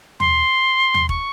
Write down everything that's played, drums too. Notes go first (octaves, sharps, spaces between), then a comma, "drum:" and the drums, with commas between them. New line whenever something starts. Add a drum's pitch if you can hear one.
C6, drum: tom
drum: tom
C#6, drum: kick E1